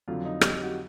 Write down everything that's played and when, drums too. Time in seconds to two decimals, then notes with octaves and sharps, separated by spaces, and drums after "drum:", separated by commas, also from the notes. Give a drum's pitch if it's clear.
0.08 F2 D3 F#3 F4
0.25 D#4
0.41 G4, drum: rim click
0.52 G4
0.63 F#4